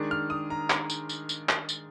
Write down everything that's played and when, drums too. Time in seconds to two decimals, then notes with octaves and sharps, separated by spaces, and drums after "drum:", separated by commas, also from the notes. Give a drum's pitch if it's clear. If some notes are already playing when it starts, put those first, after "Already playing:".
Already playing: D#3 G#3 D4
0.11 F6
0.30 D#6
0.50 A#5
0.70 drum: clap
0.90 drum: tambourine
1.09 drum: tambourine
1.29 drum: tambourine
1.49 drum: clap
1.69 drum: tambourine